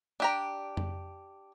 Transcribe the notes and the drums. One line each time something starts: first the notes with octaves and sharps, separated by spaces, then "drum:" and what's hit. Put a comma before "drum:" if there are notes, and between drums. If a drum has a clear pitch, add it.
D4 G4 A#5
drum: tom F2